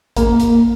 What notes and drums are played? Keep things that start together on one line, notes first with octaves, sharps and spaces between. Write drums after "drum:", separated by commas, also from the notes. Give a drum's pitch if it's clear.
A#3, drum: kick A1, hi-hat
drum: hi-hat